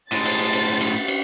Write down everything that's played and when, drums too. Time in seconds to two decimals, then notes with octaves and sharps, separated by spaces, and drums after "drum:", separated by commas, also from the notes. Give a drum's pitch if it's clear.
0.12 A2 G#3 A6, drum: cymbal
0.26 drum: cymbal
0.39 drum: cymbal
0.53 drum: cymbal
0.81 drum: cymbal
1.08 drum: cymbal